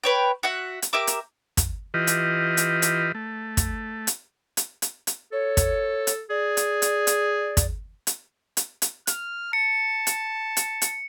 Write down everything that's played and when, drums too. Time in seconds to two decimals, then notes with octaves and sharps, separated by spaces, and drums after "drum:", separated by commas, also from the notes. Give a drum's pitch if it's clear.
0.03 B4 C#5 G5
0.43 F#4 E5 F#5
0.82 drum: hi-hat
0.93 G4 A#4 E5 D6
1.07 drum: hi-hat
1.57 drum: kick, hi-hat
1.94 E3 F4 G4 B4 D#5
2.07 drum: hi-hat
2.57 drum: hi-hat
2.82 drum: hi-hat
3.15 A3
3.57 drum: kick, hi-hat
4.07 drum: hi-hat
4.57 drum: hi-hat
4.82 drum: hi-hat
5.07 drum: hi-hat
5.32 A4 C#5
5.57 drum: kick, hi-hat
6.07 drum: hi-hat
6.30 G#4 D5
6.57 drum: hi-hat
6.82 drum: hi-hat
7.07 drum: hi-hat
7.57 drum: kick, hi-hat
8.07 drum: hi-hat
8.57 drum: hi-hat
8.82 drum: hi-hat
9.07 F6, drum: hi-hat
9.53 A5 C#7
10.07 drum: hi-hat
10.57 drum: hi-hat
10.82 drum: hi-hat